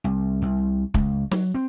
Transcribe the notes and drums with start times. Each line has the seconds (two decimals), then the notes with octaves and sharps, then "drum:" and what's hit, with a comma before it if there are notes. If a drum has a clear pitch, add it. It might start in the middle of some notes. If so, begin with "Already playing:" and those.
0.04 C2
0.42 C2
0.94 C#2, drum: kick
1.31 F#3, drum: snare
1.54 C4